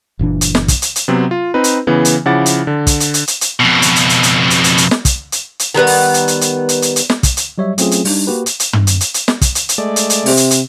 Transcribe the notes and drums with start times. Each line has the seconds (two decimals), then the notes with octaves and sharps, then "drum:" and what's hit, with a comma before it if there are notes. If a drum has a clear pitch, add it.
0.19 F#1 A#2 E3 D4
0.41 drum: hi-hat
0.55 drum: snare
0.68 drum: kick, hi-hat
0.82 drum: hi-hat
0.96 drum: hi-hat
1.08 C3 F#3 B3 C4
1.31 F4
1.54 C4 D#4 B4
1.64 drum: hi-hat
1.87 C#3 E3 B3
2.05 drum: hi-hat
2.26 C#3 F3 E4 F#5 D6 A6
2.46 drum: hi-hat
2.67 D3
2.87 drum: kick, hi-hat
3.00 drum: hi-hat
3.14 drum: hi-hat
3.28 drum: hi-hat
3.41 drum: hi-hat
3.60 F2 B2
3.82 drum: hi-hat
3.96 drum: hi-hat
4.09 drum: hi-hat
4.23 drum: hi-hat
4.50 drum: hi-hat
4.64 drum: hi-hat
4.78 drum: hi-hat
4.91 drum: snare
5.05 drum: kick, hi-hat
5.32 drum: hi-hat
5.59 drum: hi-hat
5.74 D#3 G3 B3 B4
5.87 drum: open hi-hat
6.14 drum: hi-hat
6.28 drum: hi-hat
6.41 drum: hi-hat
6.69 drum: hi-hat
6.82 drum: hi-hat
6.96 drum: hi-hat
7.10 drum: snare
7.23 drum: kick, hi-hat
7.37 drum: hi-hat
7.58 F#3 G3 C#5 D#5 E5
7.78 F#3 A3 C4 C#4 F4 G#4, drum: hi-hat
7.91 drum: hi-hat
8.05 G3 D4 D#4, drum: open hi-hat
8.27 A#3 F#4 G4 B4
8.46 drum: hi-hat
8.60 drum: hi-hat
8.73 drum: tom
8.87 drum: hi-hat
9.01 drum: hi-hat
9.14 drum: hi-hat
9.28 drum: snare
9.41 drum: kick, hi-hat
9.55 drum: hi-hat
9.69 drum: hi-hat
9.78 G#3 A3 D5
9.96 drum: hi-hat
10.10 drum: hi-hat
10.26 C3, drum: open hi-hat
10.37 drum: hi-hat
10.51 drum: hi-hat